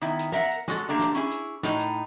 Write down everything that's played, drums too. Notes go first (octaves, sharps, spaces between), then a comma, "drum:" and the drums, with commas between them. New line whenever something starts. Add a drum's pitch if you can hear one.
D#3 B3 E4
drum: hi-hat
A#4 E5 F#5, drum: snare
drum: hi-hat
G#3 F#4 A4, drum: snare
D3 G3 A3 A#3 D4
drum: snare
C#4 E4 G#4, drum: hi-hat
drum: hi-hat
A2 D#4, drum: snare
drum: hi-hat